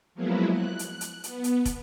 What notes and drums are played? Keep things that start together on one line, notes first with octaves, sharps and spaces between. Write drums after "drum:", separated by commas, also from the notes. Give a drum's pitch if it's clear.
F3 F#3 G#3 A#3 B3 E4
F#6
drum: hi-hat
drum: hi-hat
B3, drum: hi-hat
drum: hi-hat
drum: kick, hi-hat